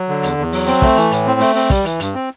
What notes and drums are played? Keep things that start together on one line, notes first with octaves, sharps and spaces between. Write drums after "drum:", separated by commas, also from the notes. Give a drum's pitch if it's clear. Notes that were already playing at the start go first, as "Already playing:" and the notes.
Already playing: F#3
D3
E2, drum: hi-hat
E2
F#3, drum: open hi-hat
C4, drum: open hi-hat
A3, drum: kick
E3, drum: hi-hat
A2, drum: hi-hat
C4
A3, drum: open hi-hat
C4, drum: open hi-hat
G3, drum: kick, hi-hat
E3, drum: hi-hat
G2, drum: hi-hat
C4